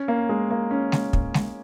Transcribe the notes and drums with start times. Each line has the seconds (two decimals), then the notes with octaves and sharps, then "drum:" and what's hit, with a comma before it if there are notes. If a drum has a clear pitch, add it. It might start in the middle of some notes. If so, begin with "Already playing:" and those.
Already playing: C#4
0.08 A#3
0.29 G#3
0.51 A#3
0.71 C#4
0.92 drum: snare G#3
1.13 drum: kick
1.34 drum: snare G#3